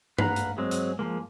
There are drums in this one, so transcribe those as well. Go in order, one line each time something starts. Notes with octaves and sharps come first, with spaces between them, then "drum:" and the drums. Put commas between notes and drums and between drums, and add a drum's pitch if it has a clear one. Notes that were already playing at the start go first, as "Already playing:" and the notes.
B4 F5 F#5 A#5, drum: tom
drum: hi-hat
F#3 G#3 C4
drum: hi-hat
F3 G#3 A#3